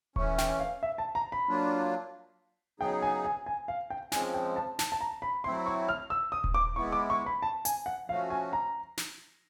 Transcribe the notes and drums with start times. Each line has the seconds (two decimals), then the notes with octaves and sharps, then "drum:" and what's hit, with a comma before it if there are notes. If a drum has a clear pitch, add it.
0.16 E3 A3 C#4 C#6, drum: kick D#1
0.38 G5, drum: snare
0.60 F5
0.83 E5
0.98 A5
1.15 A#5
1.32 B5
1.48 F#3 A#3 D4 F4
2.80 C#3 F#3 B3 D#4 G#4 G5
3.02 G#5
3.25 G#5
3.46 G#5
3.68 F5
3.90 G5
4.12 C#3 F3 G#3 C4 G#5, drum: snare
4.34 G5
4.56 A5
4.79 A5, drum: snare
4.92 A5
5.01 A#5
5.22 B5
5.44 F#3 A3 C4 E4 C6
5.66 C#6
5.89 F6
6.10 E6
6.32 D#6
6.44 drum: kick D#1
6.54 D6
6.76 G#3 B3 E4 C#6
6.92 D6
7.10 C#6
7.26 B5
7.42 A5
7.65 G#5, drum: hi-hat
7.86 F#5
8.08 F3 A3 C#4 F#4 F5
8.30 G#5
8.53 A#5
8.97 drum: snare